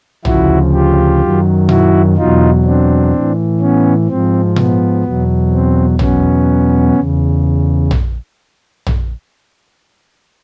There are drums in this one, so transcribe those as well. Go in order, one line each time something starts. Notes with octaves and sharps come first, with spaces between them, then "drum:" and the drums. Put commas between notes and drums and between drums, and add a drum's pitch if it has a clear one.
D2 C#3 F3 E4 F#4, drum: tom A#1
F4 G4
F#2 D#3 F#3
E4 F#4, drum: tom A#2
E2 B2 F#3 D#4 F4
C4 D4
A2 E3
B3 C#4
G#2 F3 C4
B3, drum: tom A#2
E2 B2 F#3
C4
E2 B2 F#3 B3 C#4, drum: tom A#1
E2 C#3
drum: tom A#1
drum: tom A#1